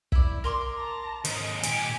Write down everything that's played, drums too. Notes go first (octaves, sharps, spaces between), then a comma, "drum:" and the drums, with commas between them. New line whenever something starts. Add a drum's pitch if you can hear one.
E4 D5, drum: kick
A#4 C6 D6
A5 A#5
D#2 G#2 D#5, drum: hi-hat
A#2 G4 G#5, drum: hi-hat